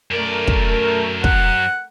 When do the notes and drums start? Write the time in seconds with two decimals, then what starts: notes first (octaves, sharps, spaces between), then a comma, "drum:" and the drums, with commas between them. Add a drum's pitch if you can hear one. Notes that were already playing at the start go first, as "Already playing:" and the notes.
0.11 F#2 A3 A#4 D5
0.48 drum: kick
1.24 F#5, drum: kick